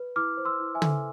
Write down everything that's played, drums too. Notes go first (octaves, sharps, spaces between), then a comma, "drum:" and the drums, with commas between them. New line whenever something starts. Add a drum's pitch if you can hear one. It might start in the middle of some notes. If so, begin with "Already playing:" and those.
Already playing: B4
E4 D6 F6
C5
C6 E6
E4
E5 G#5
A4, drum: tom